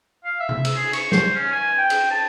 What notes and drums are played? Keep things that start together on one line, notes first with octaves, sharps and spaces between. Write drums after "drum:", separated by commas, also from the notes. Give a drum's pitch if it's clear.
F5
E5
drum: tom C3
drum: cymbal
G#4
C#6, drum: cymbal
C5, drum: snare
C#4
G#5
G5
drum: cymbal
A5